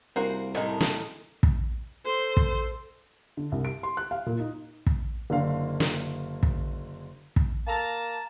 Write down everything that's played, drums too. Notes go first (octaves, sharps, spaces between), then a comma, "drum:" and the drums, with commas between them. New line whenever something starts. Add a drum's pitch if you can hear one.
C2 A#3 F#4 C5
A2 D#3 G#3 D#4 A#4
drum: snare
drum: kick
A4 C5
drum: kick
D3
C2
D7
C6
F#6
F5
A#2
D#4
drum: kick
F#1 D3 F5
drum: snare
drum: kick
drum: kick
A#3 A5 A#5